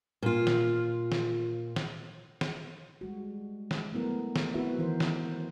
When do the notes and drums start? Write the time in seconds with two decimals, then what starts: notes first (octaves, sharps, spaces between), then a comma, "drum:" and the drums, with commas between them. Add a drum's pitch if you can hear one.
0.23 A#2 F4
0.47 drum: snare
1.12 drum: snare
1.76 drum: snare
2.41 drum: snare
3.01 G3 G#3 F#4
3.71 drum: snare
3.92 F#3 A3 B3 E4 A#4
4.36 drum: snare
4.54 B3 C4 E4 F#4 B4 E5
4.78 D#3 E3 A#4 C5
5.00 drum: snare